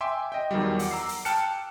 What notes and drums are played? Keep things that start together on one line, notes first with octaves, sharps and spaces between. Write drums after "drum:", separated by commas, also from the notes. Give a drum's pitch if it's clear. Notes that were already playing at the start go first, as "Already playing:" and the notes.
E5 G5 G#5 C6 D6
D#5 G5
E2 D#3 F#3 G3
F#5 D6, drum: open hi-hat
A#5 E6 C7
drum: open hi-hat
G5 A5 F6 F#6 C#7, drum: hi-hat